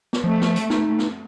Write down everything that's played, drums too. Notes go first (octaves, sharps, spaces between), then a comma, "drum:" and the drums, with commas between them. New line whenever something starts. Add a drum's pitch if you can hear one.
drum: snare
F3 A3
drum: snare
drum: hi-hat
D#4, drum: snare
drum: snare